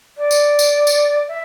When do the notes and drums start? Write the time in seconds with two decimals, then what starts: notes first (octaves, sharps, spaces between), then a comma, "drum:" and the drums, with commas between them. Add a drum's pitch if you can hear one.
0.17 D5
0.31 drum: tambourine
0.59 drum: tambourine
0.87 drum: tambourine
1.28 E5